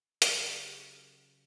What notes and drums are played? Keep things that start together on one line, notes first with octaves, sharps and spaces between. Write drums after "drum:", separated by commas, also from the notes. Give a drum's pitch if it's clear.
C#3 F#3 C#4 G4, drum: hi-hat